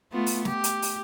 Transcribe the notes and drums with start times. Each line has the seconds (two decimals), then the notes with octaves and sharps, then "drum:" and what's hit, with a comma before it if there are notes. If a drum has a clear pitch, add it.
0.12 A3 B3 F4
0.26 drum: open hi-hat
0.45 G4, drum: snare
0.64 drum: hi-hat
0.82 drum: open hi-hat